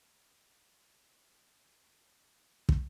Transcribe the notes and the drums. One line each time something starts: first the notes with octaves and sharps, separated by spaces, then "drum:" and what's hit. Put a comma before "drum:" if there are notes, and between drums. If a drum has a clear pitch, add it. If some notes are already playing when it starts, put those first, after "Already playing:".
C#5 D#5 F#5 A5 B5
drum: kick